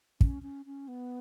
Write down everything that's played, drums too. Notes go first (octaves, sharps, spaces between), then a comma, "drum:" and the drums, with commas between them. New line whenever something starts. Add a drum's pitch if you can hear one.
C#4, drum: kick
C#4
C#4
B3